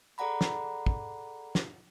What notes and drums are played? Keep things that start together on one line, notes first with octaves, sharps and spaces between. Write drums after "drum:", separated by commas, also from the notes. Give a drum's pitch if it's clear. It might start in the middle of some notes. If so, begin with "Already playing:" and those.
G#4 A4 D5 F#5 A#5 B5
drum: snare
drum: kick
drum: snare